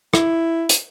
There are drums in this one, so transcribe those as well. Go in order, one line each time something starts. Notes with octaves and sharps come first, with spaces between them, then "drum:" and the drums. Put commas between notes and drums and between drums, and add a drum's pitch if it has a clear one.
E4, drum: rim click
drum: hi-hat